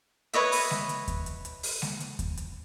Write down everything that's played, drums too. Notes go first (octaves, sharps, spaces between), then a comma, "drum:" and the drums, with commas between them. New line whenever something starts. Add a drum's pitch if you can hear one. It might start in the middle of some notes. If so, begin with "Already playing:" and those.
B4 C#5 D#5 E5, drum: hi-hat
drum: open hi-hat
drum: snare G#3
drum: hi-hat
drum: kick D#2, hi-hat
drum: hi-hat
drum: hi-hat
drum: open hi-hat
drum: snare G#3
drum: hi-hat
drum: kick D#2, hi-hat
drum: hi-hat